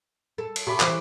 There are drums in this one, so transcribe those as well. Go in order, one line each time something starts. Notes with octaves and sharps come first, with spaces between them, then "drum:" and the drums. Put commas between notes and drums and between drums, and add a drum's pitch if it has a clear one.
A4
drum: cymbal
C3 A3 G4 B5 D6
E3 C5, drum: clap